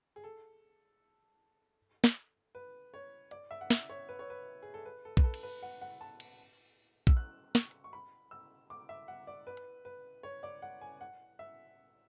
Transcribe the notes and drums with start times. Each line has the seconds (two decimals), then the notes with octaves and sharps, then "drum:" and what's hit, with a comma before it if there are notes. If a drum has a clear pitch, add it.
0.16 G#4
0.24 A4
2.04 drum: snare
2.55 B4
2.94 C#5
3.31 D5, drum: hi-hat
3.51 E5
3.61 F#5
3.70 E5, drum: snare
3.89 C#5
4.09 B4
4.19 C#5
4.30 B4
4.63 G#4
4.74 A4
4.86 B4
5.05 A4
5.17 B4, drum: kick A#1
5.24 A4
5.34 drum: cymbal
5.43 B4
5.63 F#5
5.81 F#5
6.01 A5
6.20 drum: cymbal
7.07 E6, drum: kick A#1
7.17 F#6
7.55 C#6, drum: snare
7.71 drum: hi-hat
7.84 C#6
7.93 B5
8.31 E6
8.70 D6
8.89 E5
9.08 F#5
9.27 D5
9.47 B4
9.57 drum: hi-hat
9.85 B4
10.23 C#5
10.43 D5
10.62 F#5
10.81 G#5
11.01 F#5
11.39 E5